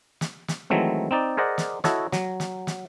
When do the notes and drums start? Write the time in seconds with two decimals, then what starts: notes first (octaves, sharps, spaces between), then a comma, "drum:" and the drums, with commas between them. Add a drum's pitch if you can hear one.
0.21 drum: snare
0.48 drum: snare
0.70 D#3 E3 F#3 G#3 A3 C4
1.11 C4 D#4 D5
1.37 G#4 A#4 C5 D5 D#5 F#5
1.58 drum: snare
1.84 E4 F#4 A4 C#5 D#5, drum: snare
2.12 F#3, drum: snare
2.40 drum: snare
2.67 drum: snare